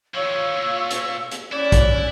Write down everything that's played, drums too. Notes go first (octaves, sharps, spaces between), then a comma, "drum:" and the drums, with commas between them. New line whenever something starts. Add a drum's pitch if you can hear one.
D#3 F3 F4 C#5 F5 E6
A#2
drum: hi-hat
drum: hi-hat
C#4 E4 D5 G#5 F#6
drum: kick, hi-hat